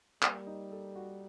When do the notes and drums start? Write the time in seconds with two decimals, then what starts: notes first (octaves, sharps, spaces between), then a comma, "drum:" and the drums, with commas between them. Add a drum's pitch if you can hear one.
0.22 G3 A#3, drum: clap
0.47 D#4
0.72 A4
0.96 F#4